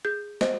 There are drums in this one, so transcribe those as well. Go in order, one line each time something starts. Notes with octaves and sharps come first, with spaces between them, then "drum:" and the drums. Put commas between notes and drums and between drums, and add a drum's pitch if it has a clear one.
G#4 G6
C5 D#5, drum: snare